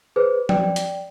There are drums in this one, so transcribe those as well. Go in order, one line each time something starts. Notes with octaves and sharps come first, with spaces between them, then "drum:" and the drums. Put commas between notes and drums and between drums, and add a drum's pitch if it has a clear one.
G#4 B4 C5
D5 G5, drum: tom F3
drum: hi-hat